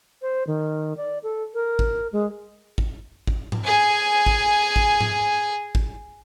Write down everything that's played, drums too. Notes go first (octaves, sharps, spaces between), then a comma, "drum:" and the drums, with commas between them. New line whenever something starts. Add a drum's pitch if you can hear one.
C5
D#3
D5
A4
A#4
drum: kick G#1
G#3
drum: kick G#1
drum: kick G#1
drum: tom G#2
G#4 G#5
drum: kick G#1
drum: kick G#1
drum: tom G#2
drum: kick G#1